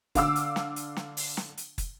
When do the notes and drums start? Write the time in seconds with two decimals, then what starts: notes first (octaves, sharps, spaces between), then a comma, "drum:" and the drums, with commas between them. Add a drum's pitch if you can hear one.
0.15 D3 F5 D6 E6, drum: kick, hi-hat
0.36 drum: hi-hat
0.56 drum: snare
0.76 drum: hi-hat
0.97 drum: snare
1.17 drum: open hi-hat
1.37 drum: snare
1.57 drum: hi-hat
1.78 drum: kick, hi-hat